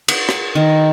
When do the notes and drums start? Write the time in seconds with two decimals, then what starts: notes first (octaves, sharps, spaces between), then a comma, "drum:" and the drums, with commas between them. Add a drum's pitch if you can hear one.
0.08 F#5, drum: cymbal
0.29 drum: rim click
0.55 D#3